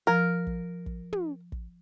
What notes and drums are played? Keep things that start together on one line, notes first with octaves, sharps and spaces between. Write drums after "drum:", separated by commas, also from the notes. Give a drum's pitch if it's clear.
F3 A#4 F6
drum: kick
drum: kick
drum: tom
drum: kick